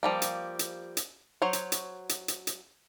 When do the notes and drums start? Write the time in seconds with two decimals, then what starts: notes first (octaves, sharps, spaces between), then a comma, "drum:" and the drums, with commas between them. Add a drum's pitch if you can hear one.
0.03 F3 G3 A#3
0.22 drum: hi-hat
0.59 drum: hi-hat
0.97 drum: hi-hat
1.42 F#3 C5 C#5
1.53 drum: hi-hat
1.72 drum: hi-hat
2.09 drum: hi-hat
2.28 drum: hi-hat
2.47 drum: hi-hat